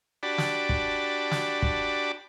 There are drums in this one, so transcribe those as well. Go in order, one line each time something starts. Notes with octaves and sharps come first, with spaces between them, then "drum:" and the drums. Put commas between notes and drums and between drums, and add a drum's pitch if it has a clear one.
D4 F#4 G4 D5 A5 B5
drum: snare
drum: kick
drum: snare
drum: kick